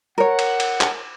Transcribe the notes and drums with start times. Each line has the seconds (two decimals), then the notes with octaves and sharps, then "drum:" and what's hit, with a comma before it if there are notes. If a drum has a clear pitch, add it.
0.18 A#4 C#5 F#5
0.39 drum: cymbal
0.60 drum: cymbal
0.81 drum: clap